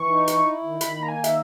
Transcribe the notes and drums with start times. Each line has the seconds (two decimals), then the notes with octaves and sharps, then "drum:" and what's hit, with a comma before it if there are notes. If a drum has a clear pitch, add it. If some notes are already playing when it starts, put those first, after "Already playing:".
Already playing: E3 C#6
0.09 D#4
0.28 E4, drum: hi-hat
0.45 E4
0.64 D#3
0.81 D#3 B5, drum: hi-hat
0.99 A#3 A#5
1.08 G#5
1.18 D#3
1.24 E5, drum: hi-hat